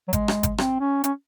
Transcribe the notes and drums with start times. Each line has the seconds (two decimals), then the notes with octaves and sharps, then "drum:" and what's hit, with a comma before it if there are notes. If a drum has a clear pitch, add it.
0.08 F#3
0.13 G#3, drum: kick G#1, hi-hat
0.28 drum: rim click
0.43 drum: kick G#1, hi-hat
0.58 C4, drum: rim click
0.80 C#4
1.04 C#4, drum: hi-hat